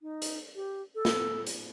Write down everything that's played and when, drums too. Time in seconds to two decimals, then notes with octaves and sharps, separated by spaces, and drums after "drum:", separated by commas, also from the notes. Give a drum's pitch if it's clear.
0.01 D#4
0.22 drum: hi-hat
0.55 G4
0.95 A4
1.05 drum: snare
1.47 drum: hi-hat